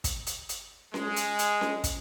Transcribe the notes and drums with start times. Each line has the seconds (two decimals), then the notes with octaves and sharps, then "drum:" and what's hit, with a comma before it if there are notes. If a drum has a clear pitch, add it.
0.04 drum: kick, hi-hat
0.27 drum: hi-hat
0.49 drum: hi-hat
0.94 G#3, drum: snare C#4
1.16 drum: hi-hat
1.39 drum: hi-hat
1.61 drum: snare C#4
1.84 drum: kick, hi-hat